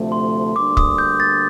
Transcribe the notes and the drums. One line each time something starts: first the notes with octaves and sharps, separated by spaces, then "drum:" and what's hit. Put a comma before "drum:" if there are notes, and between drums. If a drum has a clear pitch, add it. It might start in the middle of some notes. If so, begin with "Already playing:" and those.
Already playing: D2 C3 F3 A3
C6
D2 D3 G3 A#3 D4 D6
D#6, drum: kick
G6
A6